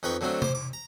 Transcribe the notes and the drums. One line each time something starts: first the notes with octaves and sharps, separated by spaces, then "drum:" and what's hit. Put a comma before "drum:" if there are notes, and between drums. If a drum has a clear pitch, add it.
F2 D#4 B4 G5 C#6
D3 F#3 A3 C4 D4
C5 D6, drum: tom C3
D6
A#5